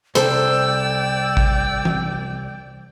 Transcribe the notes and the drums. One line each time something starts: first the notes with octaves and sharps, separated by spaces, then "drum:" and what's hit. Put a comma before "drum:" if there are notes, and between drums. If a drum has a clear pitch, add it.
C2 A4 C5 D5 G5 E6, drum: hi-hat
drum: kick A1
drum: tom E3